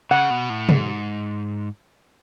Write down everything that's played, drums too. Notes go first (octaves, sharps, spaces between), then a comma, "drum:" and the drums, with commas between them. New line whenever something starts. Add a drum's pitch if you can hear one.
C#3 F#5
B2
A2
G#2, drum: tom